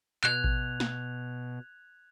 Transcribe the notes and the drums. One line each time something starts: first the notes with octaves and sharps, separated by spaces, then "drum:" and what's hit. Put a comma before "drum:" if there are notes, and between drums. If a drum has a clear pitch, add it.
B2 F#6 G#6 F7, drum: clap
drum: kick A1
drum: snare